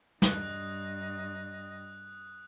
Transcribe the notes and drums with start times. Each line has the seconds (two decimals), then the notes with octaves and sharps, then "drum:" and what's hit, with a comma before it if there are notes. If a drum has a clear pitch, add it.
0.22 G2 D#5 D#6 F#6, drum: snare